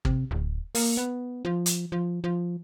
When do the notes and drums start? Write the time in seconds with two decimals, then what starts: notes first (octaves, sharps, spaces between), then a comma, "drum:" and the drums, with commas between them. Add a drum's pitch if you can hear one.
0.05 C3, drum: kick
0.31 D1
0.75 A#3, drum: open hi-hat
0.97 B3
1.45 F3
1.66 drum: hi-hat
1.92 F3
2.24 F3